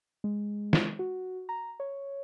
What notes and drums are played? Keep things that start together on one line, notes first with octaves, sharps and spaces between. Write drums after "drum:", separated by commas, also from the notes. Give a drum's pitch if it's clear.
G#3
drum: snare
F#4
A#5
C#5